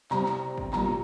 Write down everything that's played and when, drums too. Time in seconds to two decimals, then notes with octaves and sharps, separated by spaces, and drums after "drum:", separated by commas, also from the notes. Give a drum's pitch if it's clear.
0.11 C3 G3 C4 A#5, drum: clap
0.26 drum: clap
0.57 drum: kick G#1
0.73 A#2 G3 A#3 A#5, drum: clap